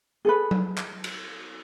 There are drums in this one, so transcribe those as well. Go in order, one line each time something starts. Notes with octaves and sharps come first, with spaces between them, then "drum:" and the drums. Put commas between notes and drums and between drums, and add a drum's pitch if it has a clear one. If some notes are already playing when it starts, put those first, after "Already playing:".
G#4 A4 B4
drum: tom F#3
drum: clap
drum: cymbal